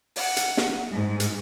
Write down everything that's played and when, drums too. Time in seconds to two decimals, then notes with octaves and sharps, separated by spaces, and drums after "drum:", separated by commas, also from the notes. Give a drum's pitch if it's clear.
0.16 F#5, drum: open hi-hat
0.37 drum: hi-hat
0.57 drum: snare
0.92 G#2
1.20 drum: hi-hat